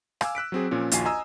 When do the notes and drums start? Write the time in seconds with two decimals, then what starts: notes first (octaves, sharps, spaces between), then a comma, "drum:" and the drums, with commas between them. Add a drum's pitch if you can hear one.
0.21 F5 G#5 D6 E6, drum: rim click
0.35 E6 F#6 B6 D7
0.52 F#3 C4 G#4
0.71 A#2 F3 C#4
0.92 A#1 D#2 F4 F#4 G#5 C7, drum: hi-hat
1.05 D#5 G#5 A#5 D#6 E6